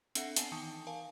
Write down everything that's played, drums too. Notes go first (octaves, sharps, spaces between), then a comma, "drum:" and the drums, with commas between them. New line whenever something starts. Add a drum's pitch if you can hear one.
C4 D4 A4 E5 F#5 C#7, drum: hi-hat
B3 G#5 A5 C7 F#7, drum: hi-hat
D#3 E3 D#4 G5 A5 D#6
A#4 F5 G#5 A5